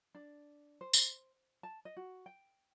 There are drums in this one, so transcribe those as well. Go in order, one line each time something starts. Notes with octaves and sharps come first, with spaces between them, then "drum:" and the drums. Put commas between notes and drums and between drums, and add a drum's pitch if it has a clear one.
D4
C5
drum: tambourine
A5
D#5
F#4
G5